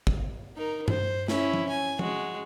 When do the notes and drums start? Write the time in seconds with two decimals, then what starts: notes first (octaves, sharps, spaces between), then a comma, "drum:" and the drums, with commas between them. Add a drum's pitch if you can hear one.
0.07 drum: kick
0.57 D#4 A#4
0.88 C5, drum: tom G2
1.28 C#4 E4, drum: snare
1.53 drum: tom F3
1.69 G#5
1.99 G#3 F#4, drum: tom F3